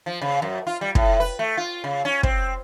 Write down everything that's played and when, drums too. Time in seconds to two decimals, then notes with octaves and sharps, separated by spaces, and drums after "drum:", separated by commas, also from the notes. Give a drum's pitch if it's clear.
0.06 F3
0.22 C#3
0.42 F#2
0.67 F4
0.81 G3
0.95 A2, drum: kick
1.20 B4
1.39 A3
1.57 F4
1.84 C#3
2.05 C#4
2.23 C4, drum: kick